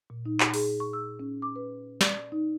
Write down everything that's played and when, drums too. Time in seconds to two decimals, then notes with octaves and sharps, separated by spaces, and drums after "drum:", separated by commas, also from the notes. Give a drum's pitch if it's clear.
0.10 A#2
0.26 D#4
0.40 drum: clap
0.54 G#4, drum: open hi-hat
0.80 C#6
0.93 E6
1.19 C#4
1.42 D6
1.56 B4
2.01 D5, drum: snare
2.32 D#4